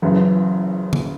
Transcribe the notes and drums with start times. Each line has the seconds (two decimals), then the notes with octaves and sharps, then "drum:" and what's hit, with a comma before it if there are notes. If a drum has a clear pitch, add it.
0.02 F#1 F#2 C#3 E3
0.93 drum: tom D3